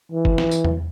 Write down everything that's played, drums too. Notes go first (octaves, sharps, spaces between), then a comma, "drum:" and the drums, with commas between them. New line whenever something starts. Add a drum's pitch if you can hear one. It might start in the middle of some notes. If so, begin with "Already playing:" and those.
E3
drum: kick
drum: snare
drum: tambourine
drum: tom E2